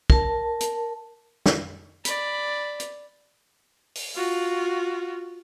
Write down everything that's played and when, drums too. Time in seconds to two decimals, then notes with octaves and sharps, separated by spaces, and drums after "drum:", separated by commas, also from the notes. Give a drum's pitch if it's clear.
0.10 A#4 A5, drum: kick
0.60 drum: hi-hat
1.46 drum: snare
2.05 D5 B5, drum: hi-hat
2.80 drum: hi-hat
3.95 drum: open hi-hat
4.15 F4 F#4